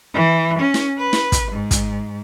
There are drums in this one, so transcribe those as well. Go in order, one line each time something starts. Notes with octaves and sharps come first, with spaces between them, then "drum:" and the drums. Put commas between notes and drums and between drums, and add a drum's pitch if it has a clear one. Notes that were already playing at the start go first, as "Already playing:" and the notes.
E3
C#4
drum: snare
B4
drum: snare
drum: kick, hi-hat
G#2
drum: kick, hi-hat